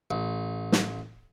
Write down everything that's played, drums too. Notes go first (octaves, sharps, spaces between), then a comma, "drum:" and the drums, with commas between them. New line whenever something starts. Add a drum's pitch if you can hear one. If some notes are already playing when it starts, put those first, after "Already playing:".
A1
drum: snare